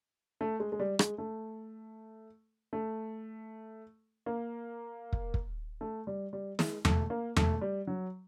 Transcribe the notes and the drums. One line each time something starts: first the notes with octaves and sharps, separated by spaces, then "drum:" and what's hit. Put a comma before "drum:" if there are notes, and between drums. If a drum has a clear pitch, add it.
A3
G#3
G#3
G3
G#3, drum: rim click
A3
A3
A#3
drum: kick
drum: kick
A3
G3
G3
G#3, drum: snare
A3, drum: tom E2
A#3
A3, drum: tom E2
G3
F#3